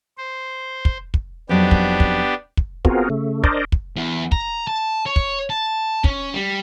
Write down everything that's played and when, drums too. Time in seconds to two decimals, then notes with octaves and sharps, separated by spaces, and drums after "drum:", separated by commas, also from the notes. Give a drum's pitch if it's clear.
0.18 C5
0.85 drum: kick
1.14 drum: kick
1.49 F2 F#3 B3 D4 D#4 G4
1.71 drum: kick
2.00 drum: kick
2.57 drum: kick
2.85 B3 C4 F4 F#4 G#4 A#4, drum: kick
3.10 C#3 A3
3.44 D4 A#4 C5 D5 D#5, drum: kick
3.72 drum: kick
3.96 E2
4.32 A#5, drum: kick
4.67 A5
5.06 C#5
5.16 drum: kick
5.50 A5
6.04 C#4, drum: kick
6.34 G3